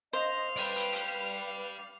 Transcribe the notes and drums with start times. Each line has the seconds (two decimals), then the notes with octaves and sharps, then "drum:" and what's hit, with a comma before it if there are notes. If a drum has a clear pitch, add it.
0.13 C5 D#5 F5 F6
0.57 B4 D5 G5, drum: open hi-hat
0.76 drum: hi-hat
0.93 drum: hi-hat